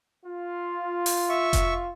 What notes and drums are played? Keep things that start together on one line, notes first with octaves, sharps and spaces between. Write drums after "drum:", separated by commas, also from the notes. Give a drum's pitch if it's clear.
F4
drum: open hi-hat
E5 C#6
drum: kick F1, hi-hat